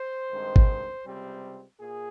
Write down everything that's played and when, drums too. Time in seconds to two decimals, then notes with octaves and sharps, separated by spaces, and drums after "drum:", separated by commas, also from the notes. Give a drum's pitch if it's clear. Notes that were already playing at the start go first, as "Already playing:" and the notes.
Already playing: C5
0.30 G2 D#3 G#3 C4
0.56 drum: kick G#1
1.05 C#2 C3 G3 C4
1.78 A#2 G#4